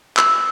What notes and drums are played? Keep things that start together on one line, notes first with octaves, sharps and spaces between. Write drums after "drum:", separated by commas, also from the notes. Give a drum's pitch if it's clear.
E6, drum: clap